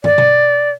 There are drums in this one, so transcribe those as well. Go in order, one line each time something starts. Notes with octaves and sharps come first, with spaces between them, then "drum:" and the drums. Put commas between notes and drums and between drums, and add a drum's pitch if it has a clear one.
D5, drum: tom
drum: tom B2